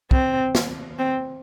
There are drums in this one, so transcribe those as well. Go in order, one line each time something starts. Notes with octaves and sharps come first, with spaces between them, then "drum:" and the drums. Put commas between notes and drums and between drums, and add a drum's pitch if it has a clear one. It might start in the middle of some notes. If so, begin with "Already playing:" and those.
C4, drum: kick
drum: snare
C4